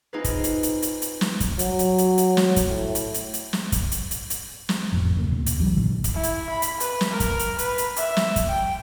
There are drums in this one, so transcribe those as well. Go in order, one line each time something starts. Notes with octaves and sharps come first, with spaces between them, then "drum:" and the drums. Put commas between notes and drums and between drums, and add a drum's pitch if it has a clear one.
C4 D#4 F4 G#4 B4
drum: kick, hi-hat
drum: hi-hat
drum: hi-hat
drum: hi-hat
drum: hi-hat
drum: snare
drum: kick, hi-hat
F#3, drum: hi-hat
drum: hi-hat
drum: hi-hat
drum: hi-hat
drum: snare
drum: kick, hi-hat
A2
drum: hi-hat
drum: hi-hat
drum: hi-hat
drum: snare
drum: kick, hi-hat
drum: hi-hat
drum: hi-hat
drum: hi-hat
drum: snare
F#1 F2 A2
E1 C#2 G#2 A#3
D#2 B2
D#2, drum: hi-hat
B1 E3 F#3 G3
G1 A#2 D#3 D4
drum: kick, hi-hat
E4
drum: hi-hat
B5
drum: hi-hat
B4, drum: hi-hat
drum: snare
A#4
drum: kick, hi-hat
drum: hi-hat
B4, drum: hi-hat
drum: hi-hat
E5, drum: hi-hat
drum: snare
drum: kick, hi-hat
G5